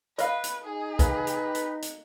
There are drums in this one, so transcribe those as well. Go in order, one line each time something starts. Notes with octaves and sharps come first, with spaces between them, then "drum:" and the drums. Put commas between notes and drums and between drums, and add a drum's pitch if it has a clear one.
B4 D#5 F5, drum: hi-hat
drum: hi-hat
D#4 G#4
A#3 B4, drum: kick, hi-hat
drum: hi-hat
drum: hi-hat
drum: hi-hat